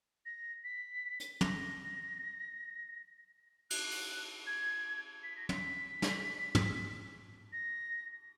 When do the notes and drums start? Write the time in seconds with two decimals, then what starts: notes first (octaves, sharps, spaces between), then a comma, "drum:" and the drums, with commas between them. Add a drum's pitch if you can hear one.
0.26 A#6
0.64 B6
1.20 drum: hi-hat
1.41 A#6, drum: tom
3.70 F#6, drum: cymbal
3.91 drum: open hi-hat
4.47 G#6
5.23 B6
5.37 A#6
5.49 B6, drum: tom
6.02 drum: snare
6.55 drum: tom
7.53 A#6